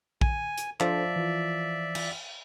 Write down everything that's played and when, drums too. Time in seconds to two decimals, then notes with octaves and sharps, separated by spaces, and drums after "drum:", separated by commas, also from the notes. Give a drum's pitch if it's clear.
0.21 G#5, drum: kick A#1
0.58 drum: hi-hat
0.80 F3 D4 A4 C5 D5 E5, drum: clap
1.16 E3 F4
1.95 drum: cymbal